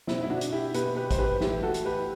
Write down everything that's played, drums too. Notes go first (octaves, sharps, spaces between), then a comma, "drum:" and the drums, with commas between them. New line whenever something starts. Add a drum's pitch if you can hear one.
B2 C4 E4, drum: snare
E4
D4 F#4
drum: hi-hat
E4 G4
B2 G4 B4, drum: hi-hat
G4 B4
C5, drum: kick G#1, hi-hat
G4 B4
A2 E3 E4 G4, drum: snare
F#4 A4
drum: hi-hat
G4 B4